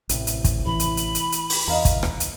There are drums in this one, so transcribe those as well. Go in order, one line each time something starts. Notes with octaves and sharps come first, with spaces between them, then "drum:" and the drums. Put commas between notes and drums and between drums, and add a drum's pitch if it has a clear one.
A1 A2 C3, drum: hi-hat
drum: hi-hat
drum: kick, hi-hat
E3 B5
drum: hi-hat
drum: hi-hat
drum: hi-hat
drum: hi-hat
drum: open hi-hat
E2 D#5 F5 A#5
drum: kick, hi-hat
drum: rim click
drum: hi-hat